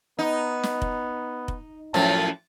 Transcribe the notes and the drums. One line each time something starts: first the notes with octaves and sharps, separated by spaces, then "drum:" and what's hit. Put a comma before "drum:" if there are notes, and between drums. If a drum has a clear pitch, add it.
B3 D#4
drum: snare
drum: kick F1
drum: kick F1
F#2 A2 F3 A5, drum: snare